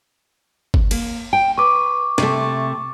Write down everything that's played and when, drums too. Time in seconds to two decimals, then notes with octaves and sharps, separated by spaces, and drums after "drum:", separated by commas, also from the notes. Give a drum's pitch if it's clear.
0.74 drum: kick G1
0.91 A#3, drum: cymbal
1.33 G5
1.58 B4 C#6 D6
2.18 C3 A3, drum: snare